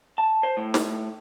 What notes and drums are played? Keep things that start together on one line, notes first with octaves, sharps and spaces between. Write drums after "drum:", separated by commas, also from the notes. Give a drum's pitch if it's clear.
A5
C5
A2
drum: snare